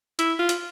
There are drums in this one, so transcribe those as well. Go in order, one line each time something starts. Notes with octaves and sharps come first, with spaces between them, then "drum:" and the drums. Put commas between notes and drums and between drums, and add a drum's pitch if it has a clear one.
E4, drum: hi-hat
F4
drum: hi-hat